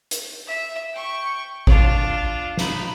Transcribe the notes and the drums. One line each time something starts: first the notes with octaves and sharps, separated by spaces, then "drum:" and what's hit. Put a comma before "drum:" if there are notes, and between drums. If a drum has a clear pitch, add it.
drum: hi-hat
E5
G5 C#6
D4 F4, drum: kick
D#4 B5, drum: snare